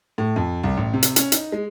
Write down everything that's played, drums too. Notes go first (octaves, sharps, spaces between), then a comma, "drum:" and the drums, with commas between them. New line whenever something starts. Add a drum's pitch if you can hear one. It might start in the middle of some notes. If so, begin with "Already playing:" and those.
A2
F2
C2
A1
C3
drum: hi-hat
C#4, drum: hi-hat
D#4, drum: hi-hat
G#3